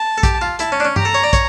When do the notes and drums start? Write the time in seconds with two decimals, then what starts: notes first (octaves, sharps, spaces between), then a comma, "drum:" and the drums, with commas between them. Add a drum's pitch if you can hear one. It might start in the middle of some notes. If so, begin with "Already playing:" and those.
Already playing: A5
0.18 A4
0.23 G4, drum: kick, hi-hat
0.41 F4
0.59 E4 A5, drum: hi-hat
0.72 C#4
0.80 D4
0.85 C#4
0.96 G4 A#5, drum: tom G2
1.05 A4
1.14 C#5
1.23 D5
1.33 C#5, drum: kick, hi-hat